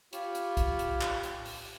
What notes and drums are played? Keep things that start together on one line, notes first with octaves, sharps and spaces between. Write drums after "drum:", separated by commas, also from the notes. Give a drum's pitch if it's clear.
F4 G4 C#5 B5, drum: hi-hat
drum: hi-hat
drum: kick, hi-hat
drum: hi-hat
drum: clap
drum: hi-hat
drum: open hi-hat